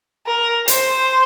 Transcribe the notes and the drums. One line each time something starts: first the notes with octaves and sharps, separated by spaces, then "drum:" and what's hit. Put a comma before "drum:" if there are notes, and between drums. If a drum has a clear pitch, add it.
A#4
C5, drum: hi-hat